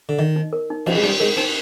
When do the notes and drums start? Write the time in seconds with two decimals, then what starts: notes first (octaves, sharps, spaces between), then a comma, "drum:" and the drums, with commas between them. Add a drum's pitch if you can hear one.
0.09 D3
0.19 D#3 D#5
0.36 D#4
0.53 A#4
0.70 D#4
0.86 F3 D#5, drum: cymbal
0.95 G#3
1.03 G3 D#4
1.20 G#3 A#4
1.37 C4 D#4